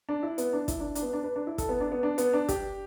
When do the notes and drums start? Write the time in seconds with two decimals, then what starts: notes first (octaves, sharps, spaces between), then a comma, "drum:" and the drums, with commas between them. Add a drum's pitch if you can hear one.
0.09 D4
0.23 E4
0.38 B3, drum: hi-hat
0.53 D4
0.68 E4, drum: kick, hi-hat
0.80 D4
0.95 D4, drum: hi-hat
1.02 B3
1.13 D4
1.24 B4
1.36 D4
1.47 E4
1.58 A4, drum: kick, hi-hat
1.69 B3
1.80 D4
1.92 B3
2.03 D4
2.18 B3, drum: hi-hat
2.33 D4
2.49 G4, drum: kick, hi-hat